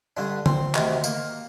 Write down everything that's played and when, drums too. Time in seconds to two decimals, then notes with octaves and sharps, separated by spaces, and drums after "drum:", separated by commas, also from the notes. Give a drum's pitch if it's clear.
0.17 G2 D3 D4
0.46 C4, drum: tom D3
0.75 D2 C3 D#3, drum: clap
1.04 A#3, drum: tambourine